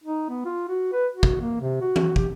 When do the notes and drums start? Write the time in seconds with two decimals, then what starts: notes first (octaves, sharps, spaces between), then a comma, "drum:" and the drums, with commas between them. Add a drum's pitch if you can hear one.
0.04 D#4
0.29 B3
0.45 F4
0.68 F#4
0.92 B4
1.13 F#4
1.23 drum: kick
1.41 A#3
1.61 C3
1.81 F#4
1.96 drum: tom E3
2.16 G4, drum: kick